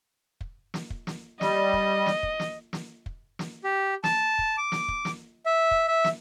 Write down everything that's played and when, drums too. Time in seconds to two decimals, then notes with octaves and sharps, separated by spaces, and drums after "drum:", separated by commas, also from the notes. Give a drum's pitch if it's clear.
0.41 drum: kick
0.74 drum: snare
0.90 drum: kick
1.07 drum: snare
1.41 G3 D#5, drum: snare
1.73 drum: kick
2.06 drum: snare
2.23 drum: kick
2.40 drum: snare
2.73 drum: snare
3.06 drum: kick
3.39 drum: snare
3.64 G4
4.04 A5, drum: snare
4.39 drum: kick
4.58 D6
4.72 drum: snare
4.88 drum: kick
5.05 drum: snare
5.46 E5
5.71 drum: kick
5.88 E5
6.04 drum: snare